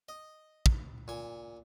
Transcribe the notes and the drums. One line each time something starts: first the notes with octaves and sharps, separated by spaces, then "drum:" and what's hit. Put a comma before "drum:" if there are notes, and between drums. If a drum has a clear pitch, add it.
D#5
drum: kick
A#2 G#5